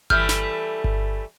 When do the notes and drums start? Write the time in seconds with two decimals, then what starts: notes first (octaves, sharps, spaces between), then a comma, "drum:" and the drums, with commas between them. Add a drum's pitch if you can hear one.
0.10 E3 G3 A3 F6 G6, drum: kick G1
0.29 drum: snare
0.84 drum: kick G1